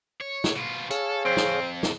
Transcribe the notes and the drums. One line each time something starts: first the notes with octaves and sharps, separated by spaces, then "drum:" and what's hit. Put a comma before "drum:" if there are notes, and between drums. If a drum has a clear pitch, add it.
C#5
drum: snare
B2 F4
G#4 A4 C#5 F5, drum: hi-hat
F2 C4
drum: snare
drum: snare